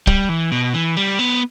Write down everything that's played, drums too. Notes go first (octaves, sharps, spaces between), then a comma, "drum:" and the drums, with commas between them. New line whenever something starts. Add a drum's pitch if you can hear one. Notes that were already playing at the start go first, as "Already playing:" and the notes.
G3, drum: kick
E3
B2
E3
G3
B3